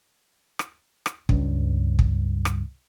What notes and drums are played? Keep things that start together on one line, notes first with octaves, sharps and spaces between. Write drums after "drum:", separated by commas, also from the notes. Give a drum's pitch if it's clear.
drum: rim click
drum: rim click
C#2 G2, drum: kick
drum: kick
drum: rim click